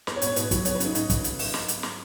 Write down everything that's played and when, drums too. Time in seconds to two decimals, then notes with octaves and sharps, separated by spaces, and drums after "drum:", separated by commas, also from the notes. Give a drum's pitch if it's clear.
0.07 B3 B4, drum: snare
0.16 C#5
0.22 B2, drum: hi-hat
0.27 C#5
0.36 B2 B4, drum: hi-hat
0.51 F#3, drum: kick, hi-hat
0.65 B3 C#5, drum: hi-hat
0.75 B4
0.80 C#3 D#4, drum: hi-hat
0.95 C#3 D#4, drum: hi-hat
1.10 drum: kick, hi-hat
1.24 drum: hi-hat
1.39 drum: open hi-hat
1.54 drum: snare
1.68 drum: hi-hat
1.83 drum: snare